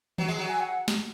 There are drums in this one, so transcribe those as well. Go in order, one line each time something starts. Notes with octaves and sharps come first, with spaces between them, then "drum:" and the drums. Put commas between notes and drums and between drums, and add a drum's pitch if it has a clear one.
F#3, drum: tom D#3
G#3
F#3
G#5
F#5
drum: snare